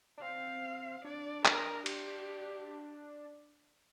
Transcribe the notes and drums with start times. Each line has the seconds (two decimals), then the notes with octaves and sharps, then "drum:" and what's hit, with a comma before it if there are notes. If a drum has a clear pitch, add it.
0.18 D4
0.22 C4 F5
1.04 D4 D5
1.45 A#4, drum: clap
1.86 G4, drum: cymbal